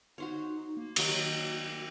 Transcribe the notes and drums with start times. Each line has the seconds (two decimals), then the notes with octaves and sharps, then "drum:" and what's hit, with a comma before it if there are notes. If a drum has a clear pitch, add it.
0.18 D#4 F#4 C5 C#5
0.77 A#3
0.96 D#3 F#3 G4, drum: cymbal
1.18 F#4